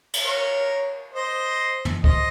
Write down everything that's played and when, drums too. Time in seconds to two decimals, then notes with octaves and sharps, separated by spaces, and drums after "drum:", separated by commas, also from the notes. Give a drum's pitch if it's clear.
0.13 drum: cymbal
0.24 A#4 C#5
1.14 C5 D#5
1.85 drum: tom
2.04 C5 D#5, drum: kick